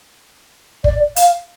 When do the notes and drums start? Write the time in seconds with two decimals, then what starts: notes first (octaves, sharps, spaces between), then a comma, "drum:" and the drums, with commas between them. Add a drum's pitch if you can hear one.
0.84 D5, drum: kick
1.16 F5, drum: hi-hat